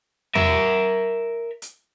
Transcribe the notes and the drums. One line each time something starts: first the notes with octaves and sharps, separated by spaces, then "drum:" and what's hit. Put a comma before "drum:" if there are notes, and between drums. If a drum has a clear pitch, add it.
A#4 E5, drum: tom E2
drum: hi-hat